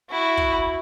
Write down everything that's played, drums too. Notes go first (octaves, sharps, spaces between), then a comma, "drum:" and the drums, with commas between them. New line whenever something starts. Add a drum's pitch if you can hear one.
E4 F#4
drum: kick